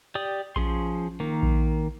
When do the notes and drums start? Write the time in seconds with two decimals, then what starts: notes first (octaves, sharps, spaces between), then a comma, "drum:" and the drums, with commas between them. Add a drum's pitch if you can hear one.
0.15 G4 D5 D#6
0.56 F3 C#4 G#4 C6, drum: kick A#1
1.20 D#3 A#3
1.43 drum: kick A#1